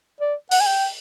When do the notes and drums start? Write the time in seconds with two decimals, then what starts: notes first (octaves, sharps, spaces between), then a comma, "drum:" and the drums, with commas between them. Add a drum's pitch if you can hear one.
0.21 D5
0.51 F#5, drum: open hi-hat
0.60 G#5
0.66 G5